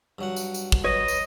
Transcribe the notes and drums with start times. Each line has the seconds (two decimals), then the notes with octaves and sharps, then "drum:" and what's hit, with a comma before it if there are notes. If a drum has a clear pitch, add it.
0.19 G2 F#3 F#5
0.36 drum: tambourine
0.54 drum: tambourine
0.72 drum: kick
0.84 B4 C#5 D#5
1.08 drum: tambourine